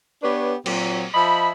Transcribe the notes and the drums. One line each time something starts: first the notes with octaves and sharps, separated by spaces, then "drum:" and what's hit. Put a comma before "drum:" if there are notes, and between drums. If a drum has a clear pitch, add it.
B3 D4 G4 B4 C#5
A#2 F#3 C4, drum: cymbal
F3 D#5 E5 B5